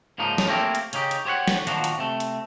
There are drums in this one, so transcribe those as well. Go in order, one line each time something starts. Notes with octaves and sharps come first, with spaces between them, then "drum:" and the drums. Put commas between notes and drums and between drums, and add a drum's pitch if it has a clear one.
G#2 C#3 F3 A#3 D#4
drum: snare
A3 A#3 C4 C#4 G4 A#4
drum: hi-hat
C#3 C#4 D#4 G4, drum: hi-hat
drum: hi-hat
G4 C5 C#5 E5 F#5
drum: snare
A#2 D#3 F3 F#3 D4 F#4, drum: hi-hat
drum: hi-hat
C3 A3
drum: hi-hat